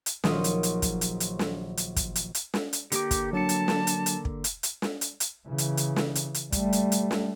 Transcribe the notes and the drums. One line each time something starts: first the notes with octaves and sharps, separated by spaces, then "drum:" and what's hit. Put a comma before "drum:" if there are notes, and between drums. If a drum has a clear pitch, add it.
drum: hi-hat
A#1 D#3 F#3 F4 D#6 C#7, drum: snare
drum: hi-hat
drum: hi-hat
drum: kick, hi-hat
drum: hi-hat
drum: hi-hat
drum: snare
drum: hi-hat
drum: kick, hi-hat
drum: hi-hat
drum: hi-hat
drum: snare
drum: hi-hat
D3 A#3 G4 D6, drum: hi-hat
drum: kick, hi-hat
F#3 D4 A5 C#7
drum: hi-hat
drum: snare
drum: hi-hat
drum: hi-hat
drum: kick
drum: hi-hat
drum: hi-hat
drum: snare
drum: hi-hat
drum: hi-hat
C#3 E3
drum: hi-hat
drum: hi-hat
drum: snare
drum: hi-hat
drum: hi-hat
G3 A3, drum: kick, hi-hat
drum: hi-hat
drum: hi-hat
drum: snare